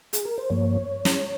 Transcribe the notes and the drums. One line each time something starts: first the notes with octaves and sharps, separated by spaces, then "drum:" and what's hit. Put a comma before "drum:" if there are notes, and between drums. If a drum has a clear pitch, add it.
G#4, drum: hi-hat
A#4
C5
G2 F3 A#3 C#5
drum: snare